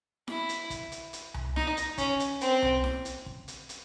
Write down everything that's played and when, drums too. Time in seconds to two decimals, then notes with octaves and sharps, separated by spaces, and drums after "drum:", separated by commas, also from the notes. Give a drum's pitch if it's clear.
0.28 E4, drum: snare E4
0.49 drum: hi-hat
0.70 drum: kick, hi-hat
0.92 drum: hi-hat
1.13 drum: hi-hat
1.34 drum: tom C2
1.56 D#4, drum: snare E4
1.77 drum: hi-hat
1.98 C#4, drum: kick, hi-hat
2.20 drum: hi-hat
2.41 C4, drum: hi-hat
2.62 drum: tom C2
2.84 drum: snare E4
3.05 drum: hi-hat
3.26 drum: kick
3.48 drum: hi-hat
3.69 drum: hi-hat